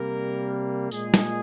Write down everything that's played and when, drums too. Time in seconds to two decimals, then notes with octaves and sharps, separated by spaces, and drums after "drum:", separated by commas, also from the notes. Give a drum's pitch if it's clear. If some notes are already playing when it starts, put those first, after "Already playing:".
Already playing: C3 G3 A#3 A#4
0.91 A#2 G#3 G#4, drum: tambourine
1.14 drum: snare